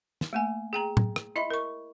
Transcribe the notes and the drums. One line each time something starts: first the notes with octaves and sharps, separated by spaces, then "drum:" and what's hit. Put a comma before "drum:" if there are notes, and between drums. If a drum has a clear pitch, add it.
drum: snare
A3 A#3 G#5
G#4 G5 A#5
drum: tom A2
drum: rim click
E4 D#5 E5 B5
A#4 C#6